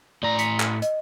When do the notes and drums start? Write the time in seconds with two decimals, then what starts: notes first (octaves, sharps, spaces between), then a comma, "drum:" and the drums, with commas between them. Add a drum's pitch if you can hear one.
0.23 A2 D5 A#5
0.39 B6 C#7, drum: hi-hat
0.60 drum: clap
0.82 D#5, drum: hi-hat